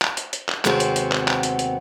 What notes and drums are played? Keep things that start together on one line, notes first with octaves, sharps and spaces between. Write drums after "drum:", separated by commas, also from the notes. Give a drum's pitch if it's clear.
drum: clap
drum: hi-hat
drum: hi-hat
drum: clap
D#2 C3 G#3 B3 C4 F#4, drum: clap
drum: hi-hat
drum: hi-hat
drum: clap
drum: clap
drum: hi-hat
drum: hi-hat